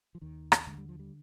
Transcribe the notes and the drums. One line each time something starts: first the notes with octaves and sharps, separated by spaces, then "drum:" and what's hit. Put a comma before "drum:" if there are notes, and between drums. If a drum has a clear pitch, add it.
F3
D#2 D#3
drum: rim click
D3 G#3
G3
F3
G3